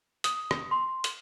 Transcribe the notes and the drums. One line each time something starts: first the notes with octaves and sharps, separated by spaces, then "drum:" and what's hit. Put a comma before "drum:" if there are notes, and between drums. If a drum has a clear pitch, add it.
D#6, drum: hi-hat
drum: rim click
C6
drum: hi-hat